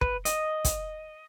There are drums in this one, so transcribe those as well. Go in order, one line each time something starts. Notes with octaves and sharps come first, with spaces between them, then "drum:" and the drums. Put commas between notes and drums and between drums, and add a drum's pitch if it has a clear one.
B4, drum: kick
D#5, drum: hi-hat
drum: kick, hi-hat